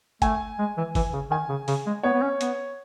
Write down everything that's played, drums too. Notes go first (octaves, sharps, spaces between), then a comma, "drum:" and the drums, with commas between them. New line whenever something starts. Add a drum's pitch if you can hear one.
A3 G#5, drum: kick G1, hi-hat
G#3
E3
E3, drum: kick G1, open hi-hat
C#3
D#3 G#5
C#3
C#3, drum: open hi-hat
G#3
B3 C#5
B3
C#4
B3, drum: hi-hat